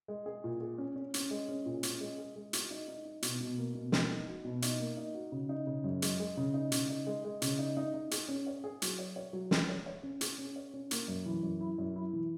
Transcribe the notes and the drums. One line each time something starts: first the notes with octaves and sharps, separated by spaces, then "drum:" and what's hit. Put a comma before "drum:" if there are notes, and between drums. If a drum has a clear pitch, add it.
G#3
G#4
A#2
G#4
C#4
C#4
C#4, drum: hi-hat
G#3
C#4
A#2
C#4, drum: hi-hat
G#3
G#4
G#3
F#4, drum: hi-hat
D#4
D#4
D#4
B2, drum: hi-hat
B2
A#3
B2
A#3, drum: snare
D#4
F#4
B2
D#4, drum: hi-hat
A#3
D#4
F#4
C#3
D#4
C#3
F#2
G#3, drum: hi-hat
G#3
C#3
D#4
C#3, drum: hi-hat
D#4
G#3
G#3
C#3, drum: hi-hat
D#4
D#4
D#4
G#4, drum: hi-hat
C#4
C#5
G#4
F#3, drum: hi-hat
C#5
C#5
F#3
G#4, drum: snare
C#5
C#5
C#4
G#4, drum: hi-hat
C#4
C#5
C#4
A#3, drum: hi-hat
F#2
E3
F#2
E4
F#2
E4
E3